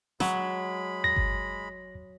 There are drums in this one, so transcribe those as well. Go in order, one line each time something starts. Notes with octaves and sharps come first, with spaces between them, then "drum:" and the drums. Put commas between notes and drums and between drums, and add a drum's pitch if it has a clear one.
F#3 G#3 B5, drum: snare
A#6
drum: kick G1